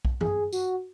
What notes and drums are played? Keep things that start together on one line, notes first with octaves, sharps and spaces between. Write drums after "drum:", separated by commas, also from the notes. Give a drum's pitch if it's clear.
drum: kick B1
G#4, drum: tom G2
F#4, drum: tambourine